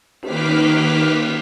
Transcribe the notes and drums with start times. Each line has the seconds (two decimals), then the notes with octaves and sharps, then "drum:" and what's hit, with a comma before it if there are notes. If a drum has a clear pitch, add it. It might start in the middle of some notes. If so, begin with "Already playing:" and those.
0.23 D#3 A#3 B4 D6 F6 B6, drum: cymbal